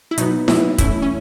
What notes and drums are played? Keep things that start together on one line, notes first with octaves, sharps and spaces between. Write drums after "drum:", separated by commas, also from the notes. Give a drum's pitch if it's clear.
E4
B2 F#3 B3 D#4, drum: hi-hat
B2 F#3 B3 E4, drum: snare D#4
E3 A3 C#4 E4, drum: kick, hi-hat
C#4